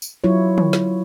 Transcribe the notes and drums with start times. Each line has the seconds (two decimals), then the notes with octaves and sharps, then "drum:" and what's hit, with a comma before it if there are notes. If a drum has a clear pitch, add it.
0.02 drum: tambourine
0.24 F#3 E4 F4 C#5
0.58 drum: tom D3
0.73 drum: snare